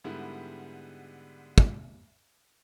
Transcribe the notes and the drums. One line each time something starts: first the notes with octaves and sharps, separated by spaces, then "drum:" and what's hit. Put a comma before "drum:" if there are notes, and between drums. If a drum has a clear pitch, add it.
G#2 D3 G3 B3 E4
drum: kick